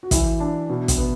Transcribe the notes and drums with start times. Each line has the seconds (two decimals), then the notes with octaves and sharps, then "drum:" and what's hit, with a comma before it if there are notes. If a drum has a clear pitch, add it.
0.03 F#4
0.11 E3 E4, drum: kick, hi-hat
0.40 D4
0.69 B2
0.88 drum: kick, hi-hat
0.98 B3